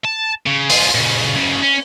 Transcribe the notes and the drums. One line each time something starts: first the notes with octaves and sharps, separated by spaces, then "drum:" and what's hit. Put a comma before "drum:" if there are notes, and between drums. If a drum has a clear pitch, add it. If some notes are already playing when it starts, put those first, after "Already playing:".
A5
C#3
F4 G#4, drum: open hi-hat
A#2 C#3
F#2 C#3
C#4